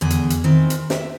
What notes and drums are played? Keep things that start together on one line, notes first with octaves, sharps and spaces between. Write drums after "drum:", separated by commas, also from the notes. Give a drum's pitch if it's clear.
E2 D3 G#4
drum: hi-hat
drum: hi-hat
D#3 E3 C4
drum: hi-hat
E5, drum: snare